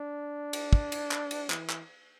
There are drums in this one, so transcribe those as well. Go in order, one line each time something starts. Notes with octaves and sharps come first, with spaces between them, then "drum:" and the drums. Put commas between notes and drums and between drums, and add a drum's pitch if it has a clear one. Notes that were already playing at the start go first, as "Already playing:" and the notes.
Already playing: D4
drum: cymbal
drum: kick
drum: cymbal
drum: clap
drum: cymbal
E3, drum: clap
drum: clap